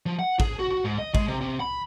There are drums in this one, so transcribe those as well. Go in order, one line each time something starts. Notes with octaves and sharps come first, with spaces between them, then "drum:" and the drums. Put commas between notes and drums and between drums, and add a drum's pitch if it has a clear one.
F3
F#5
G#4, drum: kick
F#4
F#4
G#2
D#5
G#3, drum: kick
C3
C3
B5